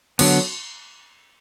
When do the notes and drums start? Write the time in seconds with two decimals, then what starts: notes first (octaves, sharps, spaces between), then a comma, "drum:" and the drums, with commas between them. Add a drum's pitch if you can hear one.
0.19 D3 F#3 B3, drum: cymbal